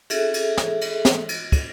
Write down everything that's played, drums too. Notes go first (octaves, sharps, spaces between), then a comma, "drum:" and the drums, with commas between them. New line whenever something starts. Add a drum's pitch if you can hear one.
G#4 A4 E5, drum: cymbal
drum: cymbal
drum: snare
drum: cymbal
drum: snare
drum: cymbal
drum: kick, cymbal